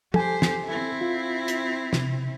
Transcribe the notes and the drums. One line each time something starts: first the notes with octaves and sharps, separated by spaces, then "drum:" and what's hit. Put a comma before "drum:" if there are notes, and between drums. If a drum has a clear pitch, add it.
G4 A4 C5 G#5, drum: tom
drum: snare
C4 E4
F4
drum: hi-hat
C3, drum: snare